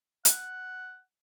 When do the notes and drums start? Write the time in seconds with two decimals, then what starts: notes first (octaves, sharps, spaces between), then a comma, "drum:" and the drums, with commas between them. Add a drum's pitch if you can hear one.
0.25 F#5, drum: hi-hat